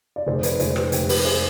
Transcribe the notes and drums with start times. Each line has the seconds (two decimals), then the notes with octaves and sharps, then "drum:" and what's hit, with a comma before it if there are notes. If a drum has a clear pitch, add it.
0.16 D5
0.26 F1 G#4 C5
0.43 B4 D5, drum: hi-hat
0.60 F1 G#4 C5, drum: hi-hat
0.76 G4 B4, drum: rim click
0.92 F1 G4 B4, drum: hi-hat
1.09 G4 B4, drum: open hi-hat
1.25 G#4 C5